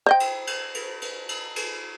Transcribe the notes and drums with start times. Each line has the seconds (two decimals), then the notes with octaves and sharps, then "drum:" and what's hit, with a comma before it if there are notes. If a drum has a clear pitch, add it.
0.06 C5 D#5 G5
0.20 drum: cymbal
0.47 drum: cymbal
0.74 drum: cymbal
1.02 drum: cymbal
1.29 drum: cymbal
1.56 drum: cymbal